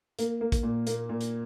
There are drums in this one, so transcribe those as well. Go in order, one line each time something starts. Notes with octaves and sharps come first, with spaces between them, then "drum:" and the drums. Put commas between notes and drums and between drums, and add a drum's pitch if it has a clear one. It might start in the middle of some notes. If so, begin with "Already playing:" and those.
A#3, drum: hi-hat
A#3
drum: kick, hi-hat
A#2
A#3, drum: hi-hat
A#2
drum: hi-hat